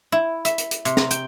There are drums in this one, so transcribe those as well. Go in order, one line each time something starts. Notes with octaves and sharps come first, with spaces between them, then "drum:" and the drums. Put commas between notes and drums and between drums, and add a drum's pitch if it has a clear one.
E4
E5, drum: hi-hat
drum: hi-hat
drum: hi-hat
C3, drum: hi-hat
A#5, drum: snare
G5, drum: hi-hat